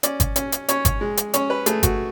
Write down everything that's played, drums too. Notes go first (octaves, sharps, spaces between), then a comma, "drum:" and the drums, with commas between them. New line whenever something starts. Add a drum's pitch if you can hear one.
C#4 D5, drum: hi-hat
drum: kick G1, hi-hat
C#4, drum: hi-hat
drum: hi-hat
C#4 C#5, drum: hi-hat
drum: kick G1, hi-hat
G#3
drum: hi-hat
C#4 C#5, drum: hi-hat
B4
A3 G#4, drum: hi-hat
F#4, drum: kick G1, hi-hat